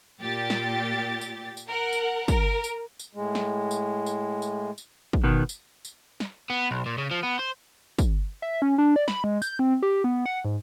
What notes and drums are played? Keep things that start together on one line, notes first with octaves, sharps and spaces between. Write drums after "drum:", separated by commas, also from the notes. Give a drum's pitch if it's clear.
A#2 G4 A6
drum: snare
drum: tambourine
drum: tambourine
A#4 F#5
drum: tambourine
A#4, drum: kick, tambourine
drum: tambourine
drum: tambourine
A2 G#3
drum: snare
drum: tambourine
drum: tambourine
drum: tambourine
drum: tambourine
drum: kick
B2 D#3 B3
drum: tambourine
drum: tambourine
drum: snare
B3
B1
A#2
C#3
F3
B3
C5
drum: kick, tambourine
E5
C#4
D4
D5
B5, drum: snare
G#3
G6, drum: tambourine
C4
G4
B3
F#5
G#2